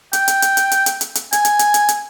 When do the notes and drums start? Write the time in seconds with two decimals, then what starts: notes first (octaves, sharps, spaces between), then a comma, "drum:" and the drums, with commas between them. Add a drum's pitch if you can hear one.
0.13 G5, drum: hi-hat
0.28 drum: hi-hat
0.42 drum: hi-hat
0.57 drum: hi-hat
0.71 drum: hi-hat
0.86 drum: hi-hat
1.01 drum: hi-hat
1.15 drum: hi-hat
1.33 G#5, drum: hi-hat
1.45 drum: hi-hat
1.59 drum: hi-hat
1.74 drum: hi-hat
1.89 drum: hi-hat